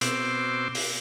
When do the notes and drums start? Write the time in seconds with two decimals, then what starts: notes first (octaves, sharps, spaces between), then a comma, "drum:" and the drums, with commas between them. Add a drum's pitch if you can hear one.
0.01 B2 C4 C6 D6 E6, drum: hi-hat
0.75 drum: open hi-hat